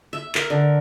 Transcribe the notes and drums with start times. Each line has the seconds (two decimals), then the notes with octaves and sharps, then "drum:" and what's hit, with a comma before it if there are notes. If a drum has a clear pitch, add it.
0.13 E5
0.35 A#4, drum: clap
0.50 D3